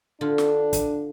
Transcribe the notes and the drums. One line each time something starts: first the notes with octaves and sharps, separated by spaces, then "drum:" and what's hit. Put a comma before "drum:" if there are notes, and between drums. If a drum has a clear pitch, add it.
D3 D4 F4
drum: snare
drum: kick, hi-hat